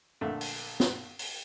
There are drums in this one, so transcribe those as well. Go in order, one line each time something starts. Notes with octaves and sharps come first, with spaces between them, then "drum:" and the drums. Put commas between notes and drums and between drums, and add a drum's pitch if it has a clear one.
A#1 D3 A3
drum: open hi-hat
drum: snare
drum: open hi-hat